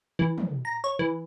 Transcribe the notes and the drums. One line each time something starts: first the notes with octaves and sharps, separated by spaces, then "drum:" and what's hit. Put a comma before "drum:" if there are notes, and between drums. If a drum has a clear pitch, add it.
E3
drum: tom
A#5
C#5
E3